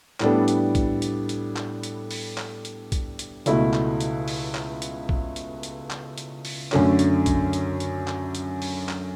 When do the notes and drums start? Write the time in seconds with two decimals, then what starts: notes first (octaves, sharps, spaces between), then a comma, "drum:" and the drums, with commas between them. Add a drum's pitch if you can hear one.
0.20 A2 G3 B3 D4 A4, drum: clap
0.48 drum: hi-hat
0.75 drum: kick A#1, hi-hat
1.02 drum: hi-hat
1.29 drum: hi-hat
1.56 drum: clap
1.83 drum: hi-hat
2.11 drum: open hi-hat
2.38 drum: clap
2.65 drum: hi-hat
2.92 drum: kick A#1, hi-hat
3.19 drum: hi-hat
3.46 C#2 B2 A3 E4, drum: hi-hat
3.73 drum: clap
4.00 drum: hi-hat
4.28 drum: open hi-hat
4.55 drum: clap
4.82 drum: hi-hat
5.09 drum: kick A#1
5.36 drum: hi-hat
5.63 drum: hi-hat
5.90 drum: clap
6.18 drum: hi-hat
6.45 drum: open hi-hat
6.72 F#2 D3 A3 C#4, drum: clap
6.99 drum: hi-hat
7.26 drum: kick A#1, hi-hat
7.53 drum: hi-hat
7.80 drum: hi-hat
8.07 drum: clap
8.35 drum: hi-hat
8.62 drum: open hi-hat
8.89 drum: clap